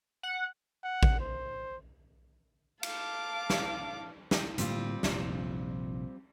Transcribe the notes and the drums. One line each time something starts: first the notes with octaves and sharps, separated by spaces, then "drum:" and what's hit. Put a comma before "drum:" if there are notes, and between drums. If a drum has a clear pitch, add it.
F#5
F#5
drum: kick A1
C5
F5 A5 D6, drum: cymbal
drum: snare
drum: snare
A2 D3 G3 A#3 C4 F4, drum: hi-hat
F1 A#1 F2, drum: snare